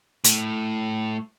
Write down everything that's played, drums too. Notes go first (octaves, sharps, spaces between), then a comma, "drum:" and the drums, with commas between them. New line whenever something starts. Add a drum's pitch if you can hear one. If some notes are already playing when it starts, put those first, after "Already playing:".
A2, drum: hi-hat